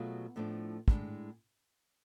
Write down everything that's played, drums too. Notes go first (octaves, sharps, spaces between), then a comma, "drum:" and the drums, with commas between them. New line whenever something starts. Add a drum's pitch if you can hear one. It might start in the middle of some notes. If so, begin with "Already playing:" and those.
Already playing: B2 F#3 A3 F4 G#4
A2 F3 A3 D4
A2 G#3 D4, drum: kick